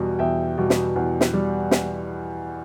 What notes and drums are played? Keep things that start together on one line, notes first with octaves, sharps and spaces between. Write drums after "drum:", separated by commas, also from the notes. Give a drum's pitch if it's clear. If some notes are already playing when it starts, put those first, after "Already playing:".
Already playing: E2 B2 G3
E2 E5 G5
B2 G3
drum: snare
E2
drum: snare
G3
drum: snare